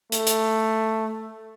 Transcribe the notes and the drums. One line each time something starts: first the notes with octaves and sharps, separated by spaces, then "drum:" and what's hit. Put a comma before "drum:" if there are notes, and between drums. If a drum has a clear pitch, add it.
A3, drum: hi-hat
drum: hi-hat